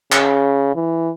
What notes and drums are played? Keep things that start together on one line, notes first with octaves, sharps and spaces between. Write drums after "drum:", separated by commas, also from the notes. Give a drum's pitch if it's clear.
C#3, drum: clap
E3